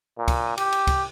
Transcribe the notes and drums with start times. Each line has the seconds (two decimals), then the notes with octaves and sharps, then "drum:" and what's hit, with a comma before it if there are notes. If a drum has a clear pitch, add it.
0.18 A#2
0.28 drum: kick, cymbal
0.58 G4, drum: cymbal
0.72 drum: cymbal
0.87 drum: kick, cymbal